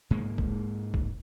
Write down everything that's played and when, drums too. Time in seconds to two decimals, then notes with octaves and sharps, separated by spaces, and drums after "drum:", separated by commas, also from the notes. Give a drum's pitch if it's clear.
0.10 G#2 G#3 A#3
0.38 drum: kick E1
0.94 drum: kick E1